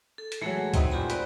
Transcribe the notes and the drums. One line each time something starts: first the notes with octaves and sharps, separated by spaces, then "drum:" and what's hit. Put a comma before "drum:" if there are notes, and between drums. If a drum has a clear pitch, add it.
A4
drum: hi-hat
E3 F#3 G#3 A3 G#4
A3 C4 D#4, drum: kick C#2, hi-hat
A#2 F#4 G4 G#5 B5
B4 C5 D5, drum: hi-hat